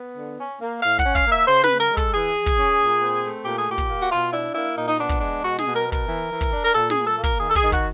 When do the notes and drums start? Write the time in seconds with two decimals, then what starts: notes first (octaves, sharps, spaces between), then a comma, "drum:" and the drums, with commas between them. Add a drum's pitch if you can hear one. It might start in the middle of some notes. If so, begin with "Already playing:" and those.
Already playing: B3
0.16 D3
0.38 C#4
0.61 A#3
0.82 A2 F5
0.99 F#5, drum: kick
1.04 C#4
1.15 F5, drum: kick
1.26 A#3 E5
1.47 C#3 C5
1.64 B4, drum: snare
1.69 C#3
1.80 A#4
1.91 G#3
1.97 A4, drum: kick
2.14 E3 G#4
2.35 E3
2.46 drum: kick
2.57 C#4
2.79 A#2
3.00 C4
3.23 A3
3.44 A#2 G4
3.57 G#4
3.67 A#2 G4
3.78 drum: kick
3.88 A#3
4.01 F#4
4.11 B2 F4
4.32 D4 E4
4.54 A#3 E4
4.76 A#2 D#4
4.87 D#4
4.99 B3 D4
5.09 drum: kick
5.20 G#3 D4
5.42 B2 F#4
5.58 G#4, drum: snare
5.64 B2
5.75 A#4
5.86 B3
5.92 A#4, drum: kick
6.07 E3
6.30 E3
6.41 drum: kick
6.52 D4
6.64 A#4
6.74 A#2 A4
6.90 G#4, drum: snare
6.95 A#2
7.07 A4
7.17 A#3
7.23 A#4, drum: kick
7.39 D#3 G#4
7.49 A4
7.55 G#4, drum: kick
7.62 D#3
7.72 F#4, drum: kick